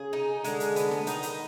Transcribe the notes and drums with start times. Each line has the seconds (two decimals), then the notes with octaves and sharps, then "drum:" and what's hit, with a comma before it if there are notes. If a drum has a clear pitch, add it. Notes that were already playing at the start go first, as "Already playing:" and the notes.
Already playing: C#3 G#4
0.13 D#4
0.44 D3 G#3, drum: hi-hat
0.60 drum: hi-hat
0.76 B3, drum: hi-hat
0.91 drum: snare
1.07 D#3 D#4, drum: hi-hat
1.23 drum: hi-hat